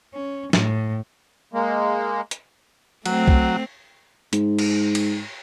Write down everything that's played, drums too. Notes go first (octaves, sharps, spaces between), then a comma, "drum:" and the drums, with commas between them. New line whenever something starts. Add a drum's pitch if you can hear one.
C#4
A2, drum: snare
G#3 A#3
drum: hi-hat
F#3 A3 C4, drum: cymbal
drum: kick
G#2, drum: hi-hat
drum: cymbal
drum: cymbal